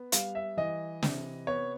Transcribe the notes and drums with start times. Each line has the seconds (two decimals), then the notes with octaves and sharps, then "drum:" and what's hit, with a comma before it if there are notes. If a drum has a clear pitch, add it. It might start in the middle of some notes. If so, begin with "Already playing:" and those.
Already playing: B3
0.12 G3 F5, drum: hi-hat
0.35 E5
0.57 E3 D#5
1.03 C3, drum: snare
1.47 B3 C#5